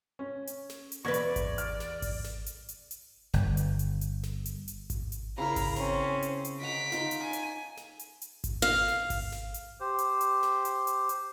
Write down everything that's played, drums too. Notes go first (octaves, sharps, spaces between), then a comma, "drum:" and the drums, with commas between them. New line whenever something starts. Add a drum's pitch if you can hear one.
C#4
drum: hi-hat
drum: snare
drum: hi-hat
E2 B4 D5 C#6 G#6 A#6
drum: hi-hat
drum: kick G#1, hi-hat
F6, drum: hi-hat
drum: snare
drum: kick G#1, open hi-hat
drum: snare
drum: hi-hat
drum: hi-hat
drum: hi-hat
G1, drum: snare
drum: hi-hat
drum: hi-hat
drum: hi-hat
drum: snare
drum: hi-hat
drum: hi-hat
drum: kick G#1, hi-hat
drum: hi-hat
C#3 E4 A#4 A#5 B5
drum: kick G#1, open hi-hat
C4 C#4, drum: snare
drum: hi-hat
drum: hi-hat
D#5 F#5 A#5 B6 D7
D#4 F4, drum: snare
drum: hi-hat
G#5
drum: hi-hat
drum: snare
drum: hi-hat
drum: hi-hat
drum: kick G#1, hi-hat
F5
drum: snare
drum: kick G#1, open hi-hat
drum: snare
drum: hi-hat
G4 C5
drum: hi-hat
drum: hi-hat
drum: snare
drum: hi-hat
drum: hi-hat
drum: hi-hat